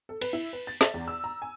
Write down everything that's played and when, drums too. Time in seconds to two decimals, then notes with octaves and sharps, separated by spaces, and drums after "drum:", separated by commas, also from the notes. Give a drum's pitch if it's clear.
0.09 A4
0.21 B4, drum: cymbal
0.33 E4
0.53 B4
0.67 A6
0.81 E5, drum: snare
0.94 E2
1.08 E6
1.24 A#5
1.42 G#5